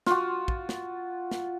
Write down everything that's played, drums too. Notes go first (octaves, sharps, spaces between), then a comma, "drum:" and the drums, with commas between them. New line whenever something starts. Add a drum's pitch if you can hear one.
F4 F#4, drum: snare
drum: kick
drum: snare
drum: snare